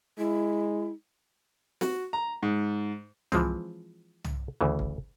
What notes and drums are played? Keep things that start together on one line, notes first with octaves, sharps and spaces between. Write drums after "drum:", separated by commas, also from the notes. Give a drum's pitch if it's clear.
G#3 E4
F#4, drum: snare
A#5
G#2
E3 F3 G#3 C4, drum: tom
drum: tom
D2 C#3 E3
drum: kick